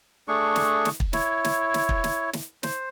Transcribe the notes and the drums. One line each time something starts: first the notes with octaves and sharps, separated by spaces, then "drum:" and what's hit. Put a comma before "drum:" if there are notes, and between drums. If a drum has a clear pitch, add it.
A3 D4 G#4 C#6
drum: snare
drum: snare
drum: kick
E4 C#5, drum: snare
drum: snare
drum: snare
drum: kick
drum: snare
drum: snare
C5, drum: snare